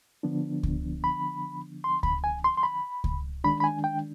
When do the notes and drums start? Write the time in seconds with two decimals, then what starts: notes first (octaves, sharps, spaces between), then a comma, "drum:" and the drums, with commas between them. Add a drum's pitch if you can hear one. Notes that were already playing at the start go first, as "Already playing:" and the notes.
0.23 D3 F3 B3 D4
0.63 drum: kick C#2
1.04 B5
1.84 C6
2.03 B5, drum: kick C#2
2.24 G#5
2.44 C6
2.57 C6
2.63 B5
3.04 drum: kick C#2
3.44 D#3 G#3 D4 B5
3.60 B5
3.64 G#5
3.84 G5